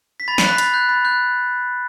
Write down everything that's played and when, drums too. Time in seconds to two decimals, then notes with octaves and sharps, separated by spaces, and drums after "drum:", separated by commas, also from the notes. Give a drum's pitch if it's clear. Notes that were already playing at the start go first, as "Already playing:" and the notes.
0.20 B6
0.28 B5 A6
0.38 C7, drum: snare
0.43 F#6
0.48 B6
0.58 B5 A6, drum: hi-hat
0.74 F#6 G6
0.89 B5 A6
1.05 F#6 G6